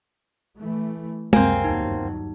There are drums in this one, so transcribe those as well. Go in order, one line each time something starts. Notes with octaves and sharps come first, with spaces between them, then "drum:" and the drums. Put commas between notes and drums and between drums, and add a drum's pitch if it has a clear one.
E3 A3
C#2 F#2 C3 A#3 C4 A#4 G#5, drum: tom
G1 D#2 F#3 D#4